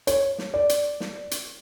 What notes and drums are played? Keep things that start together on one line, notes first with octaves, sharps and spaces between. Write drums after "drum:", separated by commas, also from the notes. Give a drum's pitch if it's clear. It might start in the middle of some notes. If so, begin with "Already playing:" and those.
C#5, drum: hi-hat
drum: snare
D5
drum: hi-hat
drum: snare
drum: hi-hat